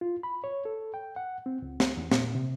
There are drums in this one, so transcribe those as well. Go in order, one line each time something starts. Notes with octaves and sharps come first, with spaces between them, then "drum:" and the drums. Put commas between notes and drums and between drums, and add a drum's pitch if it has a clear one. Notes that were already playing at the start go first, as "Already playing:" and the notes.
F4
B5
C#5
A4
G5
F#5
C4
C#2
drum: snare
E2
A#2, drum: snare
C3